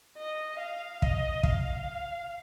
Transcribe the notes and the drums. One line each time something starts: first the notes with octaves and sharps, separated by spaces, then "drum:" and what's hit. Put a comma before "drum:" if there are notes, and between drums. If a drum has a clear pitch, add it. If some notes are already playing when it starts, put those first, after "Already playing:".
D#5
F5
D#5, drum: kick
F5, drum: kick